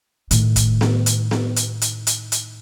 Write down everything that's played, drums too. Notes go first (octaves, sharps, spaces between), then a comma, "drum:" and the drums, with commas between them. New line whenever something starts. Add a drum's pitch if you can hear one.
A2 D#3, drum: hi-hat
drum: kick, hi-hat
drum: snare B3
drum: hi-hat
drum: snare B3
drum: hi-hat
drum: hi-hat
drum: hi-hat
drum: hi-hat